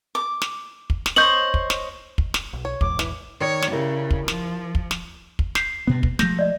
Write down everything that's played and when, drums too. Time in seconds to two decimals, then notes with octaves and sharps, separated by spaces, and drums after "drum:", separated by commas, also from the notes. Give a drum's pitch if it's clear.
0.15 D6
0.42 drum: snare
0.90 drum: kick
1.06 drum: snare
1.16 C5 C#5 D#5 G6 F#7
1.54 drum: kick
1.70 drum: snare
2.18 drum: kick
2.34 drum: snare
2.53 B1
2.65 C#5
2.81 A#1 E2 G#2 D6, drum: kick
2.99 E3, drum: snare
3.41 D#3 C#5 D5
3.62 drum: snare
3.72 C#3 E4 G4 A#4
4.11 drum: kick
4.28 F3, drum: snare
4.75 drum: kick
4.91 drum: snare
5.39 drum: kick
5.55 G6 B6 C7, drum: snare
5.87 G2 B2 B3
6.03 drum: kick
6.19 F3 G#3 A3 G6 A#6, drum: snare
6.39 D5 D#5